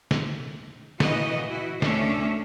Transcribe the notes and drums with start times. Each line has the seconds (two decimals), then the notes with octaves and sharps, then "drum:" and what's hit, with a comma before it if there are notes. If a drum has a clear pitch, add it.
0.11 drum: snare
1.00 A#2 C#3 E3 F#4 B4 D#5, drum: snare
1.48 E4 F#4
1.82 D2 A3 C#4 D4 E5, drum: snare